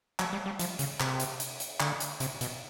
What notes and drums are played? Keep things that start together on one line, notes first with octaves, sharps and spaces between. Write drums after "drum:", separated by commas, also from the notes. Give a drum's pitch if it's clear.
F#3, drum: clap
G3
G3
F3, drum: hi-hat
C#3, drum: hi-hat
C3, drum: clap
drum: hi-hat
drum: hi-hat
drum: hi-hat
D3, drum: clap
drum: hi-hat
C3, drum: hi-hat
B2, drum: hi-hat